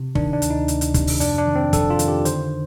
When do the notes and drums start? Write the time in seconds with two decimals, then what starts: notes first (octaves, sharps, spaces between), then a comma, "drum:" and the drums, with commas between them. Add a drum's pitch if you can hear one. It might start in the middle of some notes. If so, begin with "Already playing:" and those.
Already playing: C3
0.15 D#3 D4, drum: kick
0.33 D4
0.42 D2, drum: hi-hat
0.50 D#4
0.68 D2, drum: hi-hat
0.81 drum: hi-hat
0.94 C3, drum: kick, hi-hat
1.07 drum: open hi-hat
1.20 F2 D4, drum: hi-hat
1.38 D4
1.47 D#3
1.55 C4
1.73 F2 A4, drum: kick, hi-hat
1.90 F4
1.99 D#3, drum: hi-hat
2.08 G4
2.25 D3 C5, drum: hi-hat